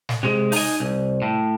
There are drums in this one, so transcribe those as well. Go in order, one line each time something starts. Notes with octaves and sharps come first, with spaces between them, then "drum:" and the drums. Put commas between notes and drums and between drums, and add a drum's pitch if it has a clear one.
drum: snare
C3 G#3
D#4 G#5, drum: open hi-hat
C2
A2